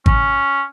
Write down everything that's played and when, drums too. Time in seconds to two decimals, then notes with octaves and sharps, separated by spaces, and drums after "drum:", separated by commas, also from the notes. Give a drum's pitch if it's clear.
0.06 C#4, drum: kick G#1